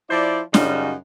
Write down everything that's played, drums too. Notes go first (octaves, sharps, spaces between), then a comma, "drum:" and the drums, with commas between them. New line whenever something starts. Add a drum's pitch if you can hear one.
F3 E4 C5 D5
F#2 C#3 G3 D#4 F4 F#4, drum: snare